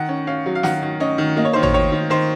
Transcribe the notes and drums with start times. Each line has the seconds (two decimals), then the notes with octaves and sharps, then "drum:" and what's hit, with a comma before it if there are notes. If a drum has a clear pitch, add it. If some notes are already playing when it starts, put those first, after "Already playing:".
Already playing: D#3 F#5
0.09 C#4
0.27 C#4 F5
0.46 F#3
0.55 F5
0.63 D#3 F#5, drum: snare
0.82 D#3
1.00 C#4 D#5
1.18 D#3
1.36 A#3 D#5
1.45 C#5
1.53 D#3 C5
1.63 C#5, drum: tom G#1
1.74 D#3 C#5
1.92 D#3
2.10 D#3 C5